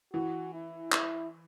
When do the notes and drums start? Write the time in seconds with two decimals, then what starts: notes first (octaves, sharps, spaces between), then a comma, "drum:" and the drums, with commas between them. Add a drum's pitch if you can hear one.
0.13 E3 F#4
0.53 E4
0.92 E4, drum: clap